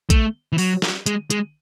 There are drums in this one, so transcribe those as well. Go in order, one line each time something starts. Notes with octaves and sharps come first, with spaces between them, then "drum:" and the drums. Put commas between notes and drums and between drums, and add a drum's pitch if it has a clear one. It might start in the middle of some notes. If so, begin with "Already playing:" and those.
A3, drum: kick, hi-hat
E3
F#3, drum: open hi-hat
drum: snare
G#3, drum: hi-hat
G#3, drum: hi-hat